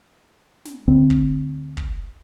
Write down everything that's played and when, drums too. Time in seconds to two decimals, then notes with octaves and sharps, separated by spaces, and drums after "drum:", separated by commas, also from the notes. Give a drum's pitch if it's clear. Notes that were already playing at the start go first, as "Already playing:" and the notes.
0.65 drum: snare
0.88 D2 C4
1.10 drum: kick
1.77 drum: kick